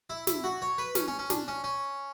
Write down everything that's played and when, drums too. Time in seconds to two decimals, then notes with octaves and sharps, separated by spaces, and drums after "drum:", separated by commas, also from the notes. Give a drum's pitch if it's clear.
0.10 E4
0.27 E4, drum: snare
0.44 F#4
0.62 C#5
0.78 B4
0.95 C#4, drum: snare
1.08 C#4
1.19 C#4
1.30 D4, drum: snare
1.48 C#4
1.64 C#4